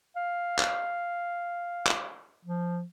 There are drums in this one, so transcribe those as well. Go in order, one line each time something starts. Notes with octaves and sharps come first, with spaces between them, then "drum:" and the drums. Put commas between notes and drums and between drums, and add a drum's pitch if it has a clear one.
F5
drum: clap
drum: clap
F3